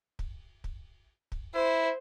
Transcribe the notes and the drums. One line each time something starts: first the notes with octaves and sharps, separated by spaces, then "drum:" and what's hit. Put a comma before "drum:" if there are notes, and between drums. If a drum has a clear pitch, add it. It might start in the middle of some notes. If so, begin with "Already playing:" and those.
drum: kick
drum: kick
drum: kick
E4 C5